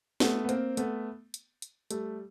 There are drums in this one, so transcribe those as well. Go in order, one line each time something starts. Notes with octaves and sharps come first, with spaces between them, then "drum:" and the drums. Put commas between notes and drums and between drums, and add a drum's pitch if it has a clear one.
A3 B3, drum: snare
B3
A#3 C4, drum: hi-hat
A3 B3, drum: hi-hat
drum: hi-hat
drum: hi-hat
G3 A3, drum: hi-hat